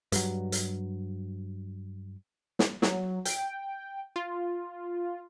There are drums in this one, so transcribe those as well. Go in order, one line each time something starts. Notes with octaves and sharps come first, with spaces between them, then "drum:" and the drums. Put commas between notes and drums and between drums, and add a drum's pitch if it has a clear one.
G2 F#3, drum: hi-hat
drum: hi-hat
drum: snare
F#3, drum: snare
G5, drum: hi-hat
F4